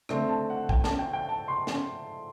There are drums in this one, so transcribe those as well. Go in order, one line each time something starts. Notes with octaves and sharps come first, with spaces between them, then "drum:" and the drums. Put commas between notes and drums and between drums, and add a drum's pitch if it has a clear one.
D3 A3 C4, drum: rim click
A5
F#5
G5, drum: kick
A5, drum: snare
G5
G5
A5
C6
drum: snare